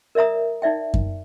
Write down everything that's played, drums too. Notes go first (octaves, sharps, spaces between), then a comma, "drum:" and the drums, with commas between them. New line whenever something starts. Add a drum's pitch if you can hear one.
A#4 D5 E5 A#5 D#6
D#4 D5 E5 G5
drum: kick F#2